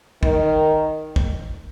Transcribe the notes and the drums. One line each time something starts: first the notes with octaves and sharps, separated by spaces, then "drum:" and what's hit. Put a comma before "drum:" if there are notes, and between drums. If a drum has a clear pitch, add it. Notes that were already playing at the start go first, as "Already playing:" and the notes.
D#3, drum: kick
drum: kick